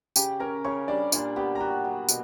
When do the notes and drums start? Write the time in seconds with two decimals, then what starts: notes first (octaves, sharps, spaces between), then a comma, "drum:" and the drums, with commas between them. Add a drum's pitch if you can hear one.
0.16 C#3 G4 G5, drum: tambourine
0.40 C#4 A#4 A#5
0.64 C#3 C#5 C#6
0.88 G3 D4 D5
1.12 A#2 D4 D5, drum: tambourine
1.36 B3 G4 G5
1.55 A#5
1.60 F#4 G4 G5
1.85 F#3
2.09 B2, drum: tambourine